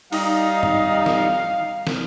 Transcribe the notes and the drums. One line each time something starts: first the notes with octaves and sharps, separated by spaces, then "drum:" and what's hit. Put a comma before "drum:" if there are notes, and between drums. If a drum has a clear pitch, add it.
G3 D#4 F5, drum: open hi-hat
drum: tom
drum: snare
drum: snare